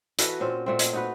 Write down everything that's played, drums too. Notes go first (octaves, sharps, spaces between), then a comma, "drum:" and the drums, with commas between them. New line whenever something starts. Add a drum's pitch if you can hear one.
E3 F#4 A4 B4, drum: hi-hat
A#2 C4 C#4
A#2 A3 C4
drum: hi-hat
D#4 F#4 B4